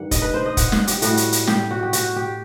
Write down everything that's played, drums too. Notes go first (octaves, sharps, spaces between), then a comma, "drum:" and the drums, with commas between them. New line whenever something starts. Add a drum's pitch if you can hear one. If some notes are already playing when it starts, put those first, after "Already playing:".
Already playing: G2 D#3 G3 F#5
D#5, drum: kick, hi-hat
B4
C5
D#5
F#5, drum: kick, hi-hat
F#5, drum: snare
G4, drum: hi-hat
A2 G3 F#4, drum: hi-hat
drum: hi-hat
drum: hi-hat
G4, drum: snare
F#4
G4
F#4, drum: hi-hat
G4